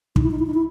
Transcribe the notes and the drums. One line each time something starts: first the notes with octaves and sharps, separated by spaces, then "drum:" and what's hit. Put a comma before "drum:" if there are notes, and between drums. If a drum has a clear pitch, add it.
D#4, drum: kick
E4
D#4
E4
D#4
E4